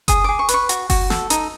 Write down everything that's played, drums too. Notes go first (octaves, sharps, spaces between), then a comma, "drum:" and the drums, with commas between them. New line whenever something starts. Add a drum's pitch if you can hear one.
G#4 D#6, drum: kick F#1, hi-hat
G#4 D6
C#6
B4, drum: hi-hat
C#6
F#4, drum: hi-hat
F#4, drum: kick F#1, open hi-hat
A4, drum: snare
D#4, drum: hi-hat